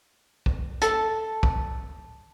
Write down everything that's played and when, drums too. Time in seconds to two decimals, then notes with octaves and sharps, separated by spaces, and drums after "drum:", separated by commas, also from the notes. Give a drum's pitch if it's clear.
0.46 drum: kick
0.82 A4 A5, drum: hi-hat
1.43 drum: kick